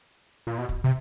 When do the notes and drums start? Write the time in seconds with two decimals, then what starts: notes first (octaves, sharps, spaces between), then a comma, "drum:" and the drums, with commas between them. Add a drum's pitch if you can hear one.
0.47 A#2
0.58 B2
0.69 drum: kick
0.84 C3